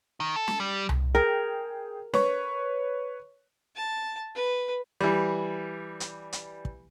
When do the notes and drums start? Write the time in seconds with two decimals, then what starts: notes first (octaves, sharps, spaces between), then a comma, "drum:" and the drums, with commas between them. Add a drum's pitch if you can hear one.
0.20 D#3
0.36 A4
0.48 drum: snare
0.60 G3
0.89 drum: tom C2
1.15 G#4 A#4 G5
2.14 B4 C#5 C#6, drum: snare
3.76 A5
4.35 B4
5.01 E3 G3
6.00 drum: hi-hat
6.33 drum: hi-hat
6.65 drum: kick